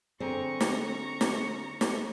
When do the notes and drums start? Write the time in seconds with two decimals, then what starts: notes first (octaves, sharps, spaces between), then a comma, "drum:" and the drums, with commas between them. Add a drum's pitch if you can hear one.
0.20 D3 C4 G#4 A#5 C#6
0.61 drum: snare
1.21 drum: snare
1.81 drum: snare